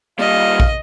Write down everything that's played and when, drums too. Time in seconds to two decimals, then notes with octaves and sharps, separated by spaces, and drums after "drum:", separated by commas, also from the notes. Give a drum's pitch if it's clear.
0.19 A#2 G3 D#5 F5
0.60 drum: kick